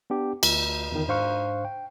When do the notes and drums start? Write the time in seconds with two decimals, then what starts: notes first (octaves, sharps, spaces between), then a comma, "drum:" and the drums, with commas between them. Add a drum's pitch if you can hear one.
0.10 B3 D4 G4
0.43 D2, drum: cymbal
0.92 E2 D3 D#3
1.08 G#2 D4 C5 F5 C#6 F#6
1.65 G5